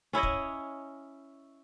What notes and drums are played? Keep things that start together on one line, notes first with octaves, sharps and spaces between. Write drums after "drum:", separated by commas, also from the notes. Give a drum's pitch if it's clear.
C#4 E4 C#5 D#5
drum: kick